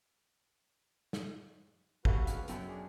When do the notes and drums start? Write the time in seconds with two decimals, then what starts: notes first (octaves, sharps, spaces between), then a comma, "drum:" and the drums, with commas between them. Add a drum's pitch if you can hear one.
1.13 drum: snare
2.05 G3 F#4 A4 B4 F5 C#6, drum: kick
2.27 C#2, drum: hi-hat
2.48 F#2 B2 F#3 A4 G5, drum: hi-hat
2.68 D4 G#4